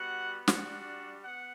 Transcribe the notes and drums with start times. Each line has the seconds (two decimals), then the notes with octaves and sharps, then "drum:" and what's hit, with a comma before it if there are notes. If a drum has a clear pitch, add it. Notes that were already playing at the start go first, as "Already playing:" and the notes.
Already playing: G3 B3 F#4 F#5
0.48 G3 D4 F#4 F#5, drum: snare
1.23 B3 F#5